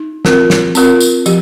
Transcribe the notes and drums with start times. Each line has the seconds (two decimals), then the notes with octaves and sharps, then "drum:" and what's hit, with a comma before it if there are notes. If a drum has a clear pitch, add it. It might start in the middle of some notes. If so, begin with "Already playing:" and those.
Already playing: D#4
0.25 C4 F4 A#4, drum: snare
0.50 drum: snare
0.75 C4 F4 A#4, drum: tambourine
1.01 drum: tambourine
1.26 F3 G4, drum: tambourine